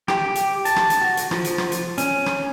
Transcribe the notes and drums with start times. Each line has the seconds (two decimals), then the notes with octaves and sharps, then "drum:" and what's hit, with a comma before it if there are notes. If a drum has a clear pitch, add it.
0.08 G4, drum: rim click
0.35 drum: hi-hat
0.65 A5, drum: hi-hat
0.76 drum: rim click
0.90 drum: hi-hat
1.01 F#4
1.17 drum: hi-hat
1.31 F3, drum: rim click
1.44 drum: hi-hat
1.58 drum: rim click
1.72 drum: hi-hat
1.98 C#4, drum: hi-hat
2.26 drum: rim click